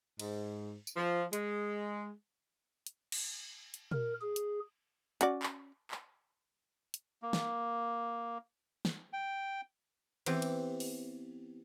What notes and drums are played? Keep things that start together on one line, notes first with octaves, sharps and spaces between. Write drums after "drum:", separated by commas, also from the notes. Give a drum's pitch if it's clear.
G#2, drum: cymbal
drum: tambourine
F3
G#3, drum: hi-hat
drum: hi-hat
drum: cymbal
drum: hi-hat
A#4, drum: tom
G#4
drum: hi-hat
C#4 F#4 D5, drum: hi-hat
drum: clap
drum: clap
drum: hi-hat
A#3
drum: snare
drum: snare
G5
E3 B3 C4 G4, drum: cymbal
drum: cymbal
drum: open hi-hat